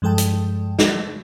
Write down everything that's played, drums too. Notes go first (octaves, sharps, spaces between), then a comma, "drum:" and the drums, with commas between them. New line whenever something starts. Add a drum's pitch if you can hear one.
G2 F3 G#3 A4 G5 A5
drum: hi-hat
drum: snare